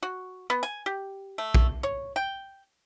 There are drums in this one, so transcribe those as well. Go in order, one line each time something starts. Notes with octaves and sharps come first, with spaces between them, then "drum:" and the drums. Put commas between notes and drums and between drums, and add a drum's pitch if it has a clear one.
F#4
B3
G#5
G4
A3
drum: kick A#1
C#5
G5